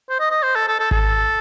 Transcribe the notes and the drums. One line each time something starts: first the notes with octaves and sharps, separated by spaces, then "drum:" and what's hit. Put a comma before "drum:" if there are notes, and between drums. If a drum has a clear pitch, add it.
C5
D#5
D#5
C5
A4
A4
A4
A4, drum: kick G#1